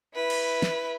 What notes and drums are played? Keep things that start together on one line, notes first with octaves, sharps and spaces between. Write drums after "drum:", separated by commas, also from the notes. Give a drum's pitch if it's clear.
E4 B4
drum: cymbal
drum: snare